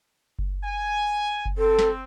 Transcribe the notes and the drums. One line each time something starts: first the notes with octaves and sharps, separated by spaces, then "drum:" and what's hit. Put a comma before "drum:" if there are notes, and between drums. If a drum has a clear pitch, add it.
drum: kick F#1
G#5
drum: kick F#1
C4 A4
drum: snare